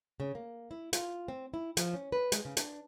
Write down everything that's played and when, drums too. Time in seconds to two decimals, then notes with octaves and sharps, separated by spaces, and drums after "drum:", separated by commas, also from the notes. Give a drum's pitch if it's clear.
0.20 C#3
0.35 A#3
0.71 E4
0.93 F4, drum: hi-hat
1.28 C4
1.54 E4
1.77 F3, drum: hi-hat
1.94 C#4
2.12 B4
2.32 G#3, drum: hi-hat
2.45 C#3
2.57 D4, drum: hi-hat